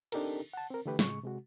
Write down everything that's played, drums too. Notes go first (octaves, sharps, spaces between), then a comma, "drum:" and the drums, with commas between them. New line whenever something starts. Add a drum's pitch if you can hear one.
C4 D4 D#4 G4 A4 A#4, drum: cymbal
F#5 A5
C4 A#4
D3 E3 A3 G4 B4
A2 C#3 G#3 C#6, drum: snare
C3 G#3 F#4